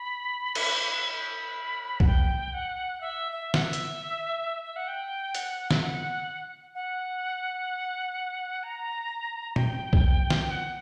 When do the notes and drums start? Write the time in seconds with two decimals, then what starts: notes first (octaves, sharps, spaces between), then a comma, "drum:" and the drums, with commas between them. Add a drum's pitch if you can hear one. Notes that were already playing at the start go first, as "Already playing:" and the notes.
Already playing: B5
0.55 drum: cymbal
1.13 B5
2.00 F#5, drum: kick B1
2.07 G5
2.54 F#5
3.01 E5
3.32 E5
3.54 F#5, drum: snare
3.63 E5
3.73 drum: hi-hat
4.64 E5
4.76 F#5
4.88 G5
5.35 F#5, drum: hi-hat
5.71 E5, drum: snare
5.81 F#5
6.75 F#5
8.63 A#5
9.56 G5, drum: tom
9.93 drum: kick B1
10.30 drum: snare
10.51 F#5